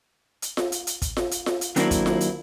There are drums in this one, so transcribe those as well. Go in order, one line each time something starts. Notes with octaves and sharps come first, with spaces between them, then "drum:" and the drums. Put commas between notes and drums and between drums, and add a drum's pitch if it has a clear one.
drum: hi-hat
drum: snare F4
drum: hi-hat
drum: hi-hat
drum: kick, hi-hat
drum: snare F4
drum: hi-hat
drum: snare F4
drum: hi-hat
D#3 F#3 A#3 C4 D4 E4, drum: hi-hat
drum: kick, hi-hat
drum: snare F4
drum: hi-hat